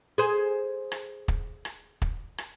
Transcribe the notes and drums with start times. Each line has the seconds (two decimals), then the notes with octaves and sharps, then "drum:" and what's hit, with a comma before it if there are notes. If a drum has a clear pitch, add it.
0.18 G#4 C5
0.92 drum: rim click
1.28 drum: kick
1.65 drum: rim click
2.02 drum: kick
2.38 drum: rim click